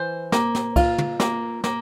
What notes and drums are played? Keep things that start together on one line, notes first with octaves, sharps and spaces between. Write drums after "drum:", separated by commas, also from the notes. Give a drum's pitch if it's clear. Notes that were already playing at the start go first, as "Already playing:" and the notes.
Already playing: E3 C5
A#3, drum: snare
drum: snare
F4, drum: kick C2, cymbal
drum: tom
A#3, drum: snare
A#3, drum: snare